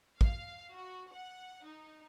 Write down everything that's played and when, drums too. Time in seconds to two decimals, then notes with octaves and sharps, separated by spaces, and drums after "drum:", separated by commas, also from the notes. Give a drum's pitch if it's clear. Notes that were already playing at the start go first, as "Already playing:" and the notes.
0.21 F5, drum: kick
0.74 F#4
1.13 F#5
1.65 D#4